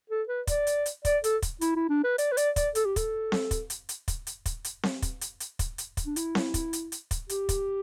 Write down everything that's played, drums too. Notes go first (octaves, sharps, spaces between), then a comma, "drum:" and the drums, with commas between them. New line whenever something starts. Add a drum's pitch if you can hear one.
A4
B4
D5, drum: kick, hi-hat
drum: hi-hat
drum: hi-hat
D5, drum: kick, hi-hat
A4, drum: hi-hat
drum: kick, hi-hat
E4, drum: hi-hat
E4
D4
B4
D5, drum: hi-hat
B4
D5, drum: hi-hat
D5, drum: kick, hi-hat
A4, drum: hi-hat
G4
A4, drum: kick, hi-hat
drum: snare C4
drum: kick, hi-hat
drum: hi-hat
drum: hi-hat
drum: kick, hi-hat
drum: hi-hat
drum: kick, hi-hat
drum: hi-hat
drum: snare C4
drum: kick, hi-hat
drum: hi-hat
drum: hi-hat
drum: kick, hi-hat
drum: hi-hat
drum: kick, hi-hat
D4
E4, drum: hi-hat
drum: snare C4
drum: kick, hi-hat
drum: hi-hat
drum: hi-hat
drum: kick, hi-hat
G4, drum: hi-hat
drum: kick, hi-hat